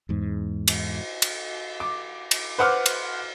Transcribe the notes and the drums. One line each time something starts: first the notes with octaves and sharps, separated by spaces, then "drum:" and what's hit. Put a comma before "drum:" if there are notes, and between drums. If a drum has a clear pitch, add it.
E2 G#2
drum: cymbal
drum: cymbal
D6
drum: cymbal
B4 C5 F#5 D6 F6
drum: cymbal